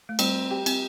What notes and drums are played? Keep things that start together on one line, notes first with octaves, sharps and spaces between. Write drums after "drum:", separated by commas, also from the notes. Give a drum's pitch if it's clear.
A3
G3 C4, drum: cymbal
G4
C4, drum: cymbal